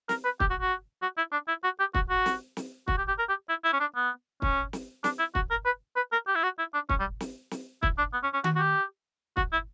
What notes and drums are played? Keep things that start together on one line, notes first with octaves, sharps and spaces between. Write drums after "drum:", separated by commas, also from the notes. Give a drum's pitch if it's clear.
A#4, drum: snare
B4
G4, drum: kick
F#4
F#4
F#4
E4
D4
E4
F#4
G4
F#4, drum: kick
F#4
drum: snare
drum: snare
F#4, drum: kick
G4
G4
A#4
G4
E4
E4
C#4
D4
B3
C#4, drum: kick
drum: snare
D4, drum: snare
E4
F#4, drum: kick
A#4
B4
B4
A#4
G4
E4
F#4
E4
D4
C#4, drum: kick
G3
drum: snare
drum: snare
E4, drum: kick
D4
B3
C#4
C#4
F#4, drum: tom D#3
F#4
G4
F#4, drum: kick
E4